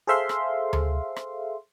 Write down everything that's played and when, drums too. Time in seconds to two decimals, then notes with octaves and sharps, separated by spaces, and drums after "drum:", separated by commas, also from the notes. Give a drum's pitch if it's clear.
0.07 G#4 A4 C5 E5 F5 C6
0.29 drum: rim click
0.73 drum: tom D2
1.16 drum: rim click